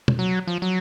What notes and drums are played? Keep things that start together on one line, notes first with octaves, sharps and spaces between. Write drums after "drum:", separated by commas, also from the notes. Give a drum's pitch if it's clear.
drum: tom
F#3
F3
F#3